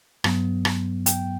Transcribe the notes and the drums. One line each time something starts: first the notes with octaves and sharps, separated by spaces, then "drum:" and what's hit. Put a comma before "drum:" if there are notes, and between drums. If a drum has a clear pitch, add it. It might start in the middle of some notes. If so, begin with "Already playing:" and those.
G2 F#3 B3, drum: rim click
drum: rim click
G5, drum: hi-hat